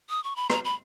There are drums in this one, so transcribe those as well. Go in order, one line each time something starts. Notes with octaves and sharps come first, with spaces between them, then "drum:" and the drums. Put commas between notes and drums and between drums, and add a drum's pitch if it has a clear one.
D#6
C#6
B5
A#5, drum: rim click
B5